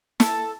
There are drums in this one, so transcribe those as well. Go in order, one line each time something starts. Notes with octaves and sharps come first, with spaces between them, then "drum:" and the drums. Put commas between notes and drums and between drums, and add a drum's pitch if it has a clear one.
A4, drum: snare